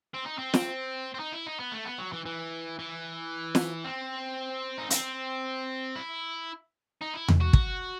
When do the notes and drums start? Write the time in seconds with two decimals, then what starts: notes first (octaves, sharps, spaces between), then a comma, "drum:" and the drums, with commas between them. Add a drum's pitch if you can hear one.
0.14 C4
0.26 D#4
0.38 C4
0.54 drum: snare
1.14 C4
1.19 D#4
1.32 E4
1.47 D#4
1.60 B3
1.72 A3
1.85 B3
1.98 F#3
2.12 E3
2.26 E3
2.79 E3
3.55 drum: snare
3.84 C4
4.78 D#4
4.90 C4, drum: hi-hat
5.96 E4
7.01 D#4
7.14 E4
7.28 drum: tom E2
7.41 F#4
7.53 drum: kick